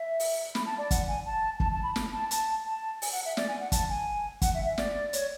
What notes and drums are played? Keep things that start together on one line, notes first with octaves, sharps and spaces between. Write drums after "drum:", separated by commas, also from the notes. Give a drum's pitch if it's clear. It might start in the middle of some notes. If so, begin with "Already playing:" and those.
Already playing: E5
drum: open hi-hat
B5, drum: snare
A5
D5
F#5, drum: kick, hi-hat
G#5
A5
A5, drum: kick
A5
B5
drum: snare
A5
A5, drum: hi-hat
A5
G#5, drum: open hi-hat
F#5
E5
D5, drum: snare
G#5
F#5
A5, drum: kick, hi-hat
G#5
F#5, drum: kick, hi-hat
E5
E5
D5, drum: snare
C#5, drum: hi-hat